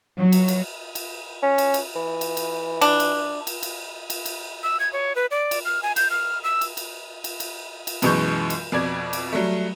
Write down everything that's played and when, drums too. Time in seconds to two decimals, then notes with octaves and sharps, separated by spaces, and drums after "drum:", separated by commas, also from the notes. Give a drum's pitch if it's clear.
0.17 F#3
0.32 drum: cymbal
0.48 drum: cymbal
0.95 drum: cymbal
1.42 C#4
1.58 drum: cymbal
1.74 drum: cymbal
1.95 E3
2.21 drum: cymbal
2.37 drum: cymbal
2.81 D4, drum: cymbal
3.00 drum: cymbal
3.47 drum: cymbal
3.63 drum: cymbal
4.10 drum: cymbal
4.26 drum: cymbal
4.63 E6
4.80 G#6
4.93 C#5
5.16 B4
5.31 D5
5.51 drum: cymbal
5.65 F6
5.83 G#5
5.96 G6, drum: cymbal
6.10 F6
6.44 E6
6.61 drum: cymbal
6.77 drum: cymbal
7.24 drum: cymbal
7.40 drum: cymbal
7.87 drum: cymbal
8.02 F#2 B2 E3 G#3 C#6 G6, drum: cymbal
8.50 drum: cymbal
8.72 F2 B2 D5 G#6
9.13 drum: cymbal
9.33 F#3 G3 A3